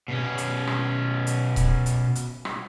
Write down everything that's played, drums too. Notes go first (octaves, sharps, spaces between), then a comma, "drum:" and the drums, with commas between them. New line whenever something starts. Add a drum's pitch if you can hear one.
B2 C#4
drum: hi-hat
drum: rim click
drum: hi-hat
drum: kick C#1, hi-hat
drum: hi-hat
drum: hi-hat
drum: rim click